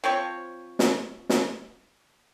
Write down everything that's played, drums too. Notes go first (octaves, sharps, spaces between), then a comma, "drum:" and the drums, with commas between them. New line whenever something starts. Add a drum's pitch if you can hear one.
F3 C4 C#5
drum: snare
drum: snare